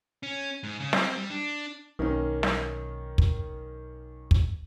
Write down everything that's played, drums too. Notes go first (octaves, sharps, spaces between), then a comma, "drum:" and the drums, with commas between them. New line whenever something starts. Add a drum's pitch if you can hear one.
C#4
G#2
C#3
C4, drum: snare
G3
D4
B1 D#3 A#3 C#4
drum: snare
drum: kick
drum: kick